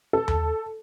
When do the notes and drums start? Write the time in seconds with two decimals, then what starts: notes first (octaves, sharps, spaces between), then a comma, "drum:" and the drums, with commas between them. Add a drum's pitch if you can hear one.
0.13 A4
0.28 drum: tom D#2